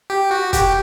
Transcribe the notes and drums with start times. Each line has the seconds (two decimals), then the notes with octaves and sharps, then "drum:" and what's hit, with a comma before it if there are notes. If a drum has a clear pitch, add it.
0.10 G4
0.31 F#4
0.53 G4, drum: kick, hi-hat